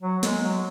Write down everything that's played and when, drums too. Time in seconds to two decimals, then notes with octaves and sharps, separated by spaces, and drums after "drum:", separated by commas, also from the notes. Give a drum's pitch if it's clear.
0.02 F#3
0.23 G#3, drum: snare
0.43 F#3